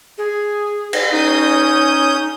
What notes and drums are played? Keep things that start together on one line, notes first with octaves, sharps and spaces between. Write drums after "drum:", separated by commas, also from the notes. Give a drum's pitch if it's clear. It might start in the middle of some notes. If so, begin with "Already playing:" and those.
G#4
drum: cymbal
C#4 D#4 D#6 G6